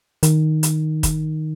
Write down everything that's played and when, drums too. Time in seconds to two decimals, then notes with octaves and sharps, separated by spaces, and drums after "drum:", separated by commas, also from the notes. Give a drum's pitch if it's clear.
0.23 D#3, drum: hi-hat
0.63 drum: hi-hat
1.03 drum: kick, hi-hat